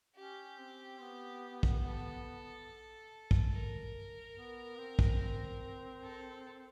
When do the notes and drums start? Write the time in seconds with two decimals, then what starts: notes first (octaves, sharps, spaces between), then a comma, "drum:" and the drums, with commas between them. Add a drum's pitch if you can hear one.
0.16 C#4 G4
0.59 C4
1.00 B3
1.63 drum: kick
1.84 A4
3.31 drum: kick
3.52 A#4
4.36 B3
4.78 C4
4.99 drum: kick
5.20 C4
6.03 A4